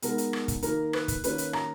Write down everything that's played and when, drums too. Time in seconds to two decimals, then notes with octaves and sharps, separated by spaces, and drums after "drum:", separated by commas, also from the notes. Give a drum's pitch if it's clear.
0.02 B2 G#3 B3 D#4 A#4, drum: hi-hat
0.18 drum: hi-hat
0.33 drum: rim click
0.48 drum: kick, hi-hat
0.62 D#3 A#3 D#4 A#4, drum: hi-hat
0.93 B4, drum: rim click
1.08 drum: kick, hi-hat
1.24 D#3 A#3 C#4 B4, drum: hi-hat
1.38 drum: hi-hat
1.53 A#5, drum: rim click